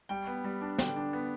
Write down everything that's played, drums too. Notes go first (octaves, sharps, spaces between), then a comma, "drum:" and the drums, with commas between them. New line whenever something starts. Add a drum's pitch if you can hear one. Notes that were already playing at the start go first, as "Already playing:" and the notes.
G3 G5
B3
G3
D4
D3 G5, drum: snare
D4
B3